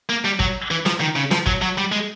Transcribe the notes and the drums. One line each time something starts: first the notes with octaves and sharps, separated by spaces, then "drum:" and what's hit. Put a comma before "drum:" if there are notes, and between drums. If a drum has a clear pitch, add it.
A#3
G3
F#3, drum: kick
E3
F3, drum: snare
D#3
C#3
F3, drum: snare
F#3, drum: kick
F#3
G3
G#3